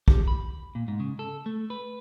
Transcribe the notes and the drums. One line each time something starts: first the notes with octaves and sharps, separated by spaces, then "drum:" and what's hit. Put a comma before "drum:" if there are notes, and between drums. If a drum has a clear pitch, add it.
G4, drum: kick
B5
A#2
G#2
C#3
A4
A3
B4